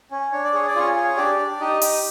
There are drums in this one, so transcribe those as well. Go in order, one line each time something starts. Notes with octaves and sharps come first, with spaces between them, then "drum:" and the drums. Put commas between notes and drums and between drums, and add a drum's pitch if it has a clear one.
C#4
D4 C#5
D5
G#4 C#5
D5
C#4 F4 C#5
G#4
D4 G4 D5
D4
D#4 G4 D#5
G4, drum: open hi-hat